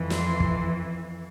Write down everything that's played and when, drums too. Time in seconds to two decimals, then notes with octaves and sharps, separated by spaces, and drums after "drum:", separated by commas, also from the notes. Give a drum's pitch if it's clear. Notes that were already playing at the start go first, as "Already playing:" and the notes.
Already playing: F2 E3
0.10 C6, drum: snare
0.40 drum: kick